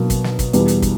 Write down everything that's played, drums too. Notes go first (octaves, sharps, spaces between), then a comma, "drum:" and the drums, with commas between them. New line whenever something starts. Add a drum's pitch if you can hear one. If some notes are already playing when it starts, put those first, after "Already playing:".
Already playing: B2 F#3 A#3
drum: kick, hi-hat
drum: snare
drum: kick, hi-hat
E2 B2 G3, drum: hi-hat
drum: hi-hat
drum: kick, hi-hat